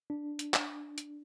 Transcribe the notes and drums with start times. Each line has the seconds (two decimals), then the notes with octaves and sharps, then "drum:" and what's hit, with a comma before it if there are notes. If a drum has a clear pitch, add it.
0.10 D4
0.39 drum: hi-hat
0.54 drum: clap
0.98 drum: hi-hat